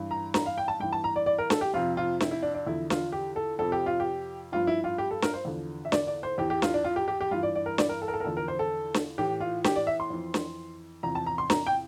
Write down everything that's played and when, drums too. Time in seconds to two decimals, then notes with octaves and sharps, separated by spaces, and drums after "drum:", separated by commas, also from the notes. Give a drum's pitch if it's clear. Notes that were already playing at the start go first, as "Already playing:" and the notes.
Already playing: G2 E3
0.11 A#5
0.34 A#5, drum: snare
0.46 F5
0.58 G5
0.68 A5
0.80 G2 E3 G5
0.93 A5
1.04 A#5
1.16 D5
1.26 D5
1.38 A#4
1.50 A4, drum: snare
1.61 G4
1.74 F2 C3 F3 F4
1.97 F4
2.20 E4, drum: snare
2.31 E4
2.43 D4
2.55 D4
2.66 E2 D3 F3 E4
2.90 F4, drum: snare
3.12 G4
3.36 A4
3.59 F2 C3 F3 A4
3.72 G4
3.86 F4
4.00 G4
4.52 G2 F3 F4
4.67 E4
4.84 F4
4.98 G4
5.11 A4
5.22 A#4, drum: snare
5.34 C5
5.45 E2 D3 F3
5.85 E5
5.92 D5, drum: snare
6.07 D5
6.23 C5
6.38 E2 E3 G4
6.50 G4
6.62 F4, drum: snare
6.74 D4
6.84 F4
6.96 G4
7.08 G4
7.21 G4
7.31 G2 E3 F4
7.43 D5
7.55 D5
7.66 A#4
7.78 D5, drum: snare
7.89 A#4
8.02 A4
8.08 A#4
8.13 A4
8.20 A#4
8.24 E2 D3 F3 A4
8.37 A#4
8.48 C5
8.59 A4
8.94 drum: snare
9.18 A2 E3 G4
9.40 F4
9.64 G4, drum: snare
9.76 D5
9.87 E5
10.00 C6
10.10 F2 E3
10.34 drum: snare
11.03 E2 C3 F3 A#5
11.15 A5
11.26 A#5
11.38 C6
11.50 A#5, drum: snare
11.67 G5